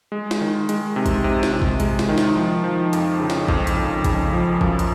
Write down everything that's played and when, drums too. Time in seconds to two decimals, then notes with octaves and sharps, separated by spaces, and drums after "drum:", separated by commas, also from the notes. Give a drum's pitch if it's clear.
0.12 G#3
0.31 drum: snare
0.41 D#3
0.69 G#3, drum: hi-hat
0.96 C3
1.06 drum: kick G#1, hi-hat
1.24 C3
1.43 drum: snare
1.53 C3
1.62 drum: kick G#1
1.80 G#3, drum: hi-hat
1.99 drum: snare
2.09 D#3
2.18 drum: snare
2.36 F3
2.64 F3
2.93 F2, drum: hi-hat
3.20 C#3
3.30 drum: snare
3.48 F2, drum: kick G#1
3.67 drum: hi-hat
3.77 F2
4.04 C#3, drum: kick G#1, hi-hat
4.33 F3
4.61 F#2, drum: kick G#1
4.79 drum: hi-hat